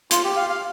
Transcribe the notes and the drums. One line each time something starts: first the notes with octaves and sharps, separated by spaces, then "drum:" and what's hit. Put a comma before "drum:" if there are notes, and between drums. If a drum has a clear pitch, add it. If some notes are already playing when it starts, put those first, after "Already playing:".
F4, drum: hi-hat
G4
F5
F5